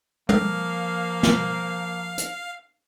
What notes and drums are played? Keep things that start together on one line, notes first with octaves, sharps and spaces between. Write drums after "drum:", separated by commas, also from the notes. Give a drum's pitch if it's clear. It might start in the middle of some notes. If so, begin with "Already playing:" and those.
F3 A#3 F5, drum: tom
drum: snare
drum: hi-hat